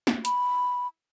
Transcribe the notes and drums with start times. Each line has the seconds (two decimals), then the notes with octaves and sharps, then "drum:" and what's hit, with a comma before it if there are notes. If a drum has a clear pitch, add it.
0.07 drum: snare
0.25 B5, drum: hi-hat